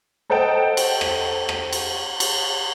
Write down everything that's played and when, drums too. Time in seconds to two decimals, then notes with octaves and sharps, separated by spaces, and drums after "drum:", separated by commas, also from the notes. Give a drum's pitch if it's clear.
0.30 A4 C5 D#5 F#5 G5 A5
0.77 drum: cymbal
1.01 drum: rim click
1.49 drum: rim click
1.73 drum: cymbal
2.20 drum: cymbal